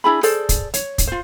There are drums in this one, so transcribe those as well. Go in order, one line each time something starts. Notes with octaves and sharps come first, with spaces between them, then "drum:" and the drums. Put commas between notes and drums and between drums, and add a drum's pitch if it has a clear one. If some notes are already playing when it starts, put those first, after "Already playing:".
D4 E4 G#4 B5
G#4 A4 C5 D5, drum: open hi-hat
drum: kick, hi-hat
C#5, drum: hi-hat
drum: kick, hi-hat
F4 C5